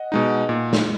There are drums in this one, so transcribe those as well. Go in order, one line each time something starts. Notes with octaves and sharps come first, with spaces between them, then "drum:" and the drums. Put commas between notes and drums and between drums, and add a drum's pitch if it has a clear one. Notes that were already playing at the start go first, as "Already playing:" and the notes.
Already playing: D#5 F#5
B2 G#3 D#4
A#2
drum: snare